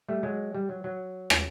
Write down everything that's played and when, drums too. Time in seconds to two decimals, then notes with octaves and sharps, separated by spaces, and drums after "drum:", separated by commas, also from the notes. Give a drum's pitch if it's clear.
0.08 G3 A3
0.23 F#3 G#3
0.55 G3
0.69 F#3
0.84 F#3
1.30 drum: rim click